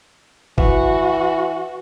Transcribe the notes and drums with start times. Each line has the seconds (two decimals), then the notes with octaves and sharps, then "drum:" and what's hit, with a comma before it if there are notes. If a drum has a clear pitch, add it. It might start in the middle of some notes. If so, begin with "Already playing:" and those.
0.58 E3 F#4, drum: kick